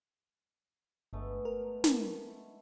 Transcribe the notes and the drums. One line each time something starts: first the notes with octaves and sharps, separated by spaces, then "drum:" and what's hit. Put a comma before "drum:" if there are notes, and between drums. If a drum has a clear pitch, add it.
G1 G#3 A3 B3
A#4
drum: snare